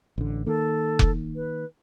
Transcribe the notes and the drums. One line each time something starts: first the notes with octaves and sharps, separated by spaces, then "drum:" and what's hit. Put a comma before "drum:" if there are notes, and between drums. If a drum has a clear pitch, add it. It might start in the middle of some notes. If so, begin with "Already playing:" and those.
A1 D3
D#3 A#3 A4
drum: kick F1
B4